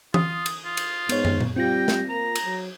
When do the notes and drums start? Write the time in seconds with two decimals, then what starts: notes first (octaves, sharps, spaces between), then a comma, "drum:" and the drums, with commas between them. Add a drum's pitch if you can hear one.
0.14 F4 D#6, drum: tom E3
0.46 drum: cymbal
0.65 F4
0.77 drum: cymbal
1.09 G#2 B3 C#5, drum: cymbal
1.25 drum: tom
1.41 drum: tom A#2
1.56 G3 C4 F4 G5 A#6
1.88 drum: snare
2.09 A#3 A#5
2.35 drum: cymbal
2.45 F#3